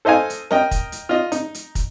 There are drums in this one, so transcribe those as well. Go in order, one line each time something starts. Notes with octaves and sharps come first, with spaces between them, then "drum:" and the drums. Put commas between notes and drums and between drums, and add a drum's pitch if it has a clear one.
A4 C5 D#5 F5 G#5
drum: hi-hat
A#4 D#5 G5, drum: snare
drum: kick, hi-hat
drum: hi-hat
F4 D#5
D#4, drum: hi-hat
drum: hi-hat
drum: kick, hi-hat